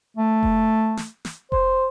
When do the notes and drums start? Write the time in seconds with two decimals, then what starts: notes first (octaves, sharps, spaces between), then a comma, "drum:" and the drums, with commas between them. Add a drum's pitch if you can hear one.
0.17 A3
0.43 drum: kick F1
0.97 drum: snare
1.25 drum: snare
1.52 C5, drum: kick F1